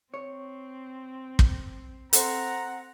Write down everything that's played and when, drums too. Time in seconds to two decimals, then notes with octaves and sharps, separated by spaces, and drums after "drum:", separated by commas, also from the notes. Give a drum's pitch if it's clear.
0.14 C4 C#5
1.39 drum: kick
2.13 C4 A4 C5 F#5 A#5, drum: hi-hat